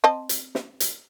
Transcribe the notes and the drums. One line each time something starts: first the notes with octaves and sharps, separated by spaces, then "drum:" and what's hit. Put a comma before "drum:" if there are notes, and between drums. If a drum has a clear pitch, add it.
C4 D#5 A5
drum: hi-hat
drum: snare
drum: hi-hat